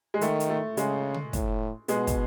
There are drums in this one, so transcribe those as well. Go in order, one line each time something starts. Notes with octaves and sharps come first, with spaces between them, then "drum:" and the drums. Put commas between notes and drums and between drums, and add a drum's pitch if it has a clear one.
G#3
D#3 A3, drum: hi-hat
drum: hi-hat
A3
C#3 G#3, drum: hi-hat
drum: tom
A2, drum: kick, hi-hat
B2 G#3 B3, drum: hi-hat
drum: kick, hi-hat